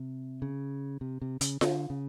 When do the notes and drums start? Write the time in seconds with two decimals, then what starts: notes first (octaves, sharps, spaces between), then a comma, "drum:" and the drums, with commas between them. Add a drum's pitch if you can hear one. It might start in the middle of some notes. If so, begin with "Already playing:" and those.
Already playing: C3
0.42 C#3
1.01 C3
1.22 C3
1.41 C#3, drum: hi-hat
1.61 D3, drum: snare F4
1.90 C#3